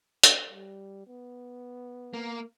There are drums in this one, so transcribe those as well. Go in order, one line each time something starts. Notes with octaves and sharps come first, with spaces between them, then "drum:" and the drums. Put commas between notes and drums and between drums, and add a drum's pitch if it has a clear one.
drum: hi-hat
G3
B3
A#3